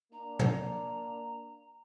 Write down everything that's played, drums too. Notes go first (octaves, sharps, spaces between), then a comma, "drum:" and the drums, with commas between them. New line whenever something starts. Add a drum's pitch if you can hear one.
A#3 D4 A#5
drum: tom